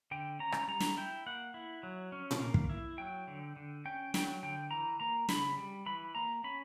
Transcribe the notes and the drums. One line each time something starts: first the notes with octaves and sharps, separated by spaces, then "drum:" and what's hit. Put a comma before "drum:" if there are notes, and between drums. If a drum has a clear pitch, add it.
D3 G5
C#4 A#5
drum: rim click
G3 A#5
drum: snare
E4 G5
A#3 F#5
E4
F#3
C#4
drum: tom A#2
A#3
drum: kick
E4
F#3 G5
D3
D3
C#4 G5
F#3 G5, drum: snare
D3 G5
E3 A#5
A#3 A#5
C#3 B5, drum: snare
G3
E3 B5
A#3 A#5
C#4 B5